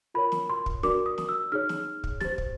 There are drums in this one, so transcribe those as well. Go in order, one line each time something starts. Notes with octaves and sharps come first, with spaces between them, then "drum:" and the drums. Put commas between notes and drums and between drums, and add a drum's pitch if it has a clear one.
F4 A#4 C#5 B5
drum: snare
C6
drum: kick
D4 F#4 A#4 D5 D6, drum: snare
D#6
drum: snare
E6
D#4 G#4 C#5 F6
drum: snare
drum: kick
G4 C5 A6, drum: snare
drum: kick